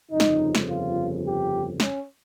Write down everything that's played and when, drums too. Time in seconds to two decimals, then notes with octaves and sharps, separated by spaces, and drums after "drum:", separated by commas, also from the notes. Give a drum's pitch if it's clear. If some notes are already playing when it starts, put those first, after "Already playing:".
0.11 G1 F2 C#3 D#4
0.20 drum: snare
0.55 drum: snare
0.67 F4
1.24 G4
1.80 C#4, drum: snare